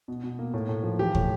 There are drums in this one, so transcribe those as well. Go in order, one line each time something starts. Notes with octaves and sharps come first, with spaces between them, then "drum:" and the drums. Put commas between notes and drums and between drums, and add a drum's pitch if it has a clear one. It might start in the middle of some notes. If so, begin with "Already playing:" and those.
B2
B2
A#3
A2
A2
F3
E3 G4
A2, drum: kick